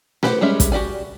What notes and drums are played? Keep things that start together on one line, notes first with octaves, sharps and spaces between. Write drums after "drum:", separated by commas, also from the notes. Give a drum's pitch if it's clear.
G4 B4 C5 F#5, drum: snare A3
G3 G#3 C#4 E5
drum: kick, hi-hat
F#4 G4 D5 G#5